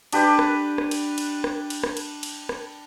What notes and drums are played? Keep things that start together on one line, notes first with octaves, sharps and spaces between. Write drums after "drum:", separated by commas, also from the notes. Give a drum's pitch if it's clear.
D4 G4 B4, drum: cymbal
drum: rim click
drum: rim click
drum: cymbal
drum: cymbal
drum: rim click
drum: cymbal
drum: rim click
drum: cymbal
drum: cymbal
drum: rim click